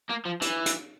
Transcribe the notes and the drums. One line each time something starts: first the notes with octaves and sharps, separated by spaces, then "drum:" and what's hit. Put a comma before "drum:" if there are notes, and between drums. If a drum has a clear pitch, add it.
A#3
F3
E3, drum: hi-hat
drum: hi-hat